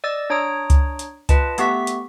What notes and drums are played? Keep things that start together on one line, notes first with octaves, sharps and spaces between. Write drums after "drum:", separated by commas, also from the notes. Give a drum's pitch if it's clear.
D5 D#5 E6 A6
D4 C#5 A#5 D#6 D7
drum: kick C#2, hi-hat
drum: hi-hat
F4 B4 D#5 A5, drum: kick C#2, hi-hat
A3 B3 G4 E5 C#6 B6, drum: hi-hat
drum: hi-hat